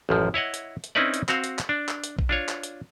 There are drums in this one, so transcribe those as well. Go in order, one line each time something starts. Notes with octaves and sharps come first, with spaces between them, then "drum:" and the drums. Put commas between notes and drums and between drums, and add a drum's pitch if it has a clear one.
A1 F#2 F3
E4 C#5 D#5 F#5
drum: hi-hat
drum: hi-hat
C4 C#4 D#4 E4 B4 D5
drum: hi-hat
C4 F#4 F5, drum: clap
drum: hi-hat
drum: clap
D4
drum: clap
drum: hi-hat
drum: kick
D4 F4 C#5
drum: clap
drum: hi-hat